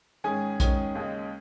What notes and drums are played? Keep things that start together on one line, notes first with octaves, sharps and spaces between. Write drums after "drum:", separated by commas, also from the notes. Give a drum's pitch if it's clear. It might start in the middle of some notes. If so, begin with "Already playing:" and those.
G#2 D#3 C#4 G#4 G#5
G#2 D#3 C#4, drum: kick A#1, hi-hat
D#2 C#3 G#3